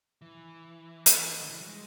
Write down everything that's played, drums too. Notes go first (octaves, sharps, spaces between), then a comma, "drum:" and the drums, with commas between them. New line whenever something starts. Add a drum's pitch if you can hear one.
E3
drum: hi-hat
D3
E3
F#3
G#3